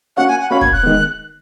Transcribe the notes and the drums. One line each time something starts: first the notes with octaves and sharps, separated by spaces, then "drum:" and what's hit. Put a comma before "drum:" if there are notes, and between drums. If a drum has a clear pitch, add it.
A#3 C#4 F#4 C#5 F5 F#5
G#5
F#5
A#3 C#4 F#4 C#5 F5 B5
G#6, drum: kick
F#6
D#3 G#3 B3